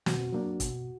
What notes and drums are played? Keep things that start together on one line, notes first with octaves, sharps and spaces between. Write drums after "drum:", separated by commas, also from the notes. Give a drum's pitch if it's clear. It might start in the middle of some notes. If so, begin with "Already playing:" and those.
B2 F#4, drum: snare
F#3 A#3 D4
B2, drum: kick, hi-hat